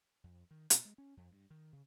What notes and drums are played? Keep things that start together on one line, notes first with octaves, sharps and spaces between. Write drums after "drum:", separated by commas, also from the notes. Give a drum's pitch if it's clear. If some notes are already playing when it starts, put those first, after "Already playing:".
F2
D#3
B2, drum: hi-hat
G#3
C#4
F2
G2
D#3
C#3